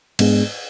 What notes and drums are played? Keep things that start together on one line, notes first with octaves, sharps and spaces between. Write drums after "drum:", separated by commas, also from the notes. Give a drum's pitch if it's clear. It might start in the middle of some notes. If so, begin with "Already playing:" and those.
G#2 G#3 B3 D4 G#4, drum: cymbal